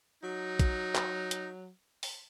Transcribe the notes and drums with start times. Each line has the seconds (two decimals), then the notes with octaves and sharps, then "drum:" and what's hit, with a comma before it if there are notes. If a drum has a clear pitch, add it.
0.24 F#3 D#4
0.59 drum: kick, hi-hat
0.95 drum: clap
1.31 drum: hi-hat
2.03 drum: open hi-hat